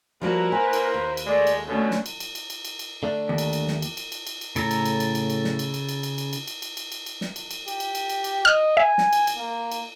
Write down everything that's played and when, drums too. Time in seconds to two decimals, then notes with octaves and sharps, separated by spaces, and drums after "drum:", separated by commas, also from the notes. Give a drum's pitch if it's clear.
0.22 F3 G3 A#3 E4 F#4 A#4 B4
0.52 C5 G#5
0.73 drum: cymbal
0.94 D#2
1.17 drum: cymbal
1.26 G#3 A3 D5
1.47 drum: cymbal
1.68 B2 D3 A3 C#4
1.91 drum: snare
2.06 drum: cymbal
2.20 drum: cymbal
2.35 drum: cymbal
2.50 drum: cymbal
2.65 drum: cymbal
2.79 drum: cymbal
3.03 D3 A3 D4
3.29 D#2
3.38 drum: cymbal
3.53 drum: cymbal
3.68 drum: snare
3.82 drum: cymbal
3.97 drum: cymbal
4.12 drum: cymbal
4.27 drum: cymbal
4.41 drum: cymbal
4.56 A2 C#3 A4 A#5, drum: cymbal
4.71 drum: cymbal
4.86 drum: cymbal
5.00 drum: cymbal
5.15 drum: cymbal
5.30 drum: cymbal
5.44 drum: snare
5.59 drum: cymbal
5.74 drum: cymbal
5.89 drum: cymbal
6.03 drum: cymbal
6.18 drum: cymbal
6.33 drum: cymbal
6.48 drum: cymbal
6.62 drum: cymbal
6.77 drum: cymbal
6.92 drum: cymbal
7.06 drum: cymbal
7.21 drum: snare
7.36 drum: cymbal
7.51 drum: cymbal
7.68 G4, drum: cymbal
7.80 drum: cymbal
7.95 drum: cymbal
8.10 drum: cymbal
8.24 drum: cymbal
8.45 D#5 F6
8.77 E5 G#5
8.98 drum: snare
9.13 drum: cymbal
9.27 drum: cymbal
9.37 A#3
9.72 drum: cymbal